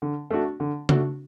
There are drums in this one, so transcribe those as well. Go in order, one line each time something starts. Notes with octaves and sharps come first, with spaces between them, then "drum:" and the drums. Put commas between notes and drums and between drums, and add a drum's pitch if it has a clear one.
D3
A3 D4 F#4
D3
A3 D4 F#4, drum: tom C#3